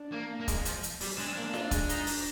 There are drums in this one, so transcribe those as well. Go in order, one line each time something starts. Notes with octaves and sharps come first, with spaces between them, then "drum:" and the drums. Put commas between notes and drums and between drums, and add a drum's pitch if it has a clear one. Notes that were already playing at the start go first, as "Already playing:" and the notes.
Already playing: D4
A#3
A#3
G#3, drum: kick, hi-hat
F3, drum: hi-hat
drum: hi-hat
G3, drum: open hi-hat
G#3 D4
C4
A#3 D4
F4, drum: snare F4
G#3, drum: kick, hi-hat
D#4, drum: hi-hat
drum: open hi-hat